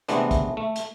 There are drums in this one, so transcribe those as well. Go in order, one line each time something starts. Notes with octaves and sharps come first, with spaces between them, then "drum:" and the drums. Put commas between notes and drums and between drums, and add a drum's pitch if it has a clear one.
C3 E3 G#3 A3 B3 D4, drum: hi-hat
drum: kick, hi-hat
A3
drum: hi-hat